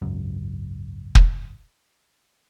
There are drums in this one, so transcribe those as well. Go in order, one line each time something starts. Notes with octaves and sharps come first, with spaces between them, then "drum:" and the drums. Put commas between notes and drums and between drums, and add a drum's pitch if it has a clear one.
G#1 C#2 F#2
drum: kick